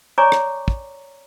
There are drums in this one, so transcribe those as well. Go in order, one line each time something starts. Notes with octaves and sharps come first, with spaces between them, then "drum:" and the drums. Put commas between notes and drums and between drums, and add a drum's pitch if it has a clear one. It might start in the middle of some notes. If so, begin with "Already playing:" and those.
C#5 D5 G#5 A#5 C#6 D6
drum: rim click
drum: kick